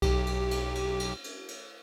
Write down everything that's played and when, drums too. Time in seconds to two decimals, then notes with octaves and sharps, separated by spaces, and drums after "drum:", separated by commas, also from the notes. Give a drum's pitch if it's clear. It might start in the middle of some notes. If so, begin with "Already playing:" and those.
0.02 B1 G4, drum: kick C2, cymbal
0.27 drum: cymbal
0.51 drum: cymbal
0.75 drum: cymbal
1.00 drum: cymbal
1.24 drum: cymbal
1.48 drum: cymbal